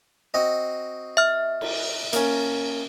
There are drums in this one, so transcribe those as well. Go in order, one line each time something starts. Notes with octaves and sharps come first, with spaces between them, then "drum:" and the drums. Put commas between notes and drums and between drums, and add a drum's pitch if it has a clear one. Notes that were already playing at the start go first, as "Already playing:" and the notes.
C4 F#4 D#5
E5 F6
drum: cymbal
A#3 C#4, drum: hi-hat